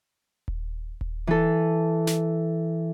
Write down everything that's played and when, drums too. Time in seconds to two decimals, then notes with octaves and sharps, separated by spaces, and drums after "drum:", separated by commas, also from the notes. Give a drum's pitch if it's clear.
0.48 drum: kick D#1
1.01 drum: kick D#1
1.27 E3 A4
2.07 drum: snare